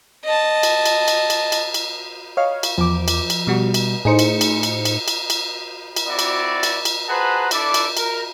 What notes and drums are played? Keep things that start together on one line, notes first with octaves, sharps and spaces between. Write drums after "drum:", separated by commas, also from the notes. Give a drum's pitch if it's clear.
D#5 A5
drum: cymbal
drum: cymbal
drum: cymbal
drum: cymbal
drum: cymbal
drum: cymbal
C#5 D#5 F5
drum: cymbal
E2 F3 D6
drum: cymbal
drum: cymbal
B2 G3 F#4
drum: cymbal
A2 D#4 G#4 C5 C#7
drum: cymbal
drum: cymbal
drum: cymbal
drum: cymbal
drum: cymbal
drum: cymbal
drum: cymbal
C4 E4 F#4 D5
drum: cymbal
drum: cymbal
drum: cymbal
G#4 B4 C5 F#5 A5 A#5
D4 E4 A4 D5, drum: cymbal
drum: cymbal
A#4, drum: cymbal